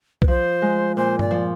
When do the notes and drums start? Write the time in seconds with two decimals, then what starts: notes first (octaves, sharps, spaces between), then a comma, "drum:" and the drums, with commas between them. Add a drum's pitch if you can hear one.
0.22 B4, drum: kick B1
0.28 F3 C5
0.62 G#3
0.96 A#2 C5
1.19 D5, drum: tom G2
1.31 F3